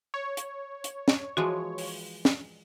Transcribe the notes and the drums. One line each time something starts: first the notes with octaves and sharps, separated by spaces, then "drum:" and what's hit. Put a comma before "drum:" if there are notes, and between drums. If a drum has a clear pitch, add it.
C#5
drum: hi-hat
drum: hi-hat
drum: snare
E3 F3 G#3 F#4
drum: open hi-hat
drum: snare